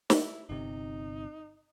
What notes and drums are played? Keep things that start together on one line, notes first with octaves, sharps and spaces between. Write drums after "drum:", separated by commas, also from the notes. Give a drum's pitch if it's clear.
E4, drum: snare
G1 C3 D#4